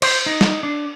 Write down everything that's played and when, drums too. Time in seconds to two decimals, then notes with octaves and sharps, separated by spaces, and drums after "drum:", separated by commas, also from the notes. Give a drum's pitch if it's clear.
0.02 C5, drum: cymbal
0.26 D#4
0.41 drum: snare
0.63 D4